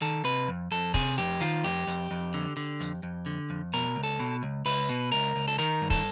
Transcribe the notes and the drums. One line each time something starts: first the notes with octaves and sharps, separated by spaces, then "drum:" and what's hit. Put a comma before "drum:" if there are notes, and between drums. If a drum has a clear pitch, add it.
D#3 A4, drum: hi-hat
C3 B4
F2
F2 A4
C3 G#4, drum: kick, open hi-hat
F2 G4
D#3 F4
F2 G4
F2, drum: hi-hat
F2
D3
D3
F2, drum: hi-hat
F2
D3
F2
B2 A#4, drum: hi-hat
C#2
A4
B2
C#2
C#2 B4, drum: open hi-hat
B2
C#2 A#4
C#2
A4
D#3 A#4, drum: hi-hat
G2
A4, drum: kick, open hi-hat